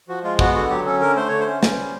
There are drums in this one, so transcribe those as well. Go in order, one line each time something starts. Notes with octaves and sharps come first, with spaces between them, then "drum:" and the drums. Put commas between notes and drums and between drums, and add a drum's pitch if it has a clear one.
F3 F#4
G#3 F4
B3 F#4, drum: kick
D3 F#4
F#3 G4
C#4 A4
D3 A#4
A3 C5
D3 C#5
C5
C#4
C#4, drum: snare
G3